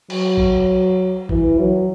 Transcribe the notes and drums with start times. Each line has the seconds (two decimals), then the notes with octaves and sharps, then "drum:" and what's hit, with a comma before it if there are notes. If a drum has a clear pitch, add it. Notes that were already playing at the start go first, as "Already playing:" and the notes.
0.10 F#3, drum: cymbal
0.37 drum: kick
1.29 E3, drum: kick
1.59 F#3